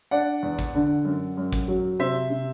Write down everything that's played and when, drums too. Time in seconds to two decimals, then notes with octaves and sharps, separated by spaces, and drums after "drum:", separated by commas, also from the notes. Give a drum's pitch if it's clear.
0.11 D4 D5 F#5
0.43 E2
0.59 drum: kick
0.75 D3
1.05 F#2
1.37 F#2
1.52 drum: kick
1.68 F#3
1.99 C3 C5 E5
2.30 C3